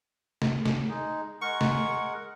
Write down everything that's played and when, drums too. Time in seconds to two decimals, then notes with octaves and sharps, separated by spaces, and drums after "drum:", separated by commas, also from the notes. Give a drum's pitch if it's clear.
0.42 drum: snare
0.65 drum: snare
0.89 G#3 D#4
1.41 G#3 A#4 F#5 C#6
1.61 drum: snare